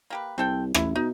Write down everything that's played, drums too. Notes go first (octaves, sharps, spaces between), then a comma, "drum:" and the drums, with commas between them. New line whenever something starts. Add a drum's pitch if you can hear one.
A#3 G4 B4
C2 C4 A4 G5
A1 E4, drum: rim click
B2 D#4